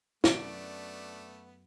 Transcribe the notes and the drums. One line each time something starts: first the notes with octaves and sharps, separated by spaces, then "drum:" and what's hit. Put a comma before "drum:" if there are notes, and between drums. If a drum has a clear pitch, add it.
F#2 A3 B3 D4 F#4 D5 D7, drum: snare